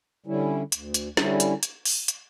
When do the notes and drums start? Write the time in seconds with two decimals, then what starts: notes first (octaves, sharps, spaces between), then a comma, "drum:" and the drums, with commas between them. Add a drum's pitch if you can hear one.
0.26 D3 G3 C#4 E4
0.72 D2, drum: hi-hat
0.94 drum: hi-hat
1.17 D3 G3 C#4 E4, drum: snare
1.40 drum: hi-hat
1.63 drum: hi-hat
1.85 drum: open hi-hat
2.08 drum: hi-hat